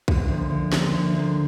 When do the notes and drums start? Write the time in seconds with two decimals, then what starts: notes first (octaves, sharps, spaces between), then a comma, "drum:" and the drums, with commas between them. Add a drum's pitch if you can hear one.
0.08 D2, drum: kick B1
0.28 D3 F3 A#3
0.50 D2
0.73 D3 F3 A#3, drum: snare
0.94 D2
1.15 D3 F3 A#3